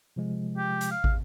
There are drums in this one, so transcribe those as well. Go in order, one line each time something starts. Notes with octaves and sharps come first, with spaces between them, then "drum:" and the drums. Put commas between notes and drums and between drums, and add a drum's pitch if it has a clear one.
C3 F3 G#3
G4
drum: hi-hat
F5
drum: kick